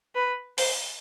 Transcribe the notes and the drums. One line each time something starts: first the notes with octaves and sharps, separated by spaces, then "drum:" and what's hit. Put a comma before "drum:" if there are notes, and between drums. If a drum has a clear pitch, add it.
B4
C5, drum: open hi-hat